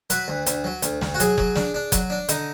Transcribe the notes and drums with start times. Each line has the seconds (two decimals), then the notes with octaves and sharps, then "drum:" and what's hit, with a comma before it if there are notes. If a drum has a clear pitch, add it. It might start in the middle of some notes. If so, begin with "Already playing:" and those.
0.10 F#3 B4, drum: hi-hat
0.28 D2
0.47 D2, drum: hi-hat
0.64 F#3
0.82 D2, drum: hi-hat
1.01 D2, drum: snare
1.14 F#4
1.20 F#3 G#4, drum: hi-hat
1.38 F#3, drum: kick F#1
1.56 D4, drum: snare
1.74 D4
1.92 F#3, drum: kick F#1, hi-hat
2.10 D4
2.29 D3 D#4, drum: hi-hat